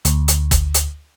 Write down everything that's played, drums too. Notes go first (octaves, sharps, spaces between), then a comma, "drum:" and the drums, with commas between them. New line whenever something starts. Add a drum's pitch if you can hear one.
D2, drum: hi-hat
drum: hi-hat
drum: kick G1, hi-hat
drum: hi-hat